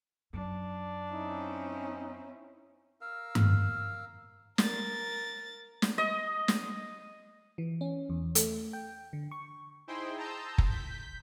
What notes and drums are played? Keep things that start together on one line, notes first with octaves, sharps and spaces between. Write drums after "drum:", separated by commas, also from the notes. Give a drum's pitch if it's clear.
F#2 F#3 D4
C4 C#4 D#4 E4
A#4 F5 E6
drum: tom G2
A#4 A6, drum: snare
drum: snare
D#5
drum: snare
E3
C#4
E2
A3, drum: hi-hat
G5
D3
C#6
D#4 E4 G#4 C5 G5 C6
A5 A#5 C6 D#6 E6 G6
drum: kick F#1
G6 B6